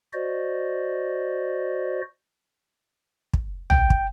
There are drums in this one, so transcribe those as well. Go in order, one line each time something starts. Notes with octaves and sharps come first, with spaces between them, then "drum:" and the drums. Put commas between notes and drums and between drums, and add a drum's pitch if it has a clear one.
F#4 C5 D5 D#5
drum: kick
G5, drum: tom
drum: kick